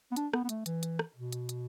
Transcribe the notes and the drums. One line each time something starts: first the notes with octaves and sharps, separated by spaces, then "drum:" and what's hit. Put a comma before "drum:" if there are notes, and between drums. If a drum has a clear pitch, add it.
B3
D4, drum: hi-hat
B3, drum: rim click
B3
A3, drum: hi-hat
E3, drum: hi-hat
drum: hi-hat
drum: rim click
B2
drum: hi-hat
drum: hi-hat